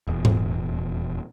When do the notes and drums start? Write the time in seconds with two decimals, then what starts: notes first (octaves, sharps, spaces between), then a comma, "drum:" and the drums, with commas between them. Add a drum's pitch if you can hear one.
0.07 D#1 E2
0.25 drum: tom G#2